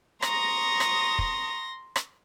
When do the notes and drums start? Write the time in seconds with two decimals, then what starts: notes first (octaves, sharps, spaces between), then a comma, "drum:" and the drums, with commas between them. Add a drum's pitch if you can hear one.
0.22 A#5 C6 C#6 D#6 A#6, drum: rim click
0.80 drum: rim click
1.19 drum: kick
1.96 drum: rim click